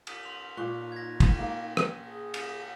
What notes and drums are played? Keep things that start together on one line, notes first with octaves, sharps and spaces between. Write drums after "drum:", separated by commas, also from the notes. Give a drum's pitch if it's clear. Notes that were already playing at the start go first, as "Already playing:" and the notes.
drum: cymbal
C6 F7
A#2 D#4 C#6 F#6
G#6 A#6
drum: kick, cymbal
A#3
drum: rim click
G#4
drum: cymbal